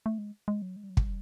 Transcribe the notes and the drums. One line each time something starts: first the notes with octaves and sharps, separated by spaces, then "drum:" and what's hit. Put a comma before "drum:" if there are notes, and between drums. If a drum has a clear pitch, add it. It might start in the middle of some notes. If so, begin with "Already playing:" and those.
A3
G#3
G#3
F#3
G#3
G3
F#3
G3, drum: kick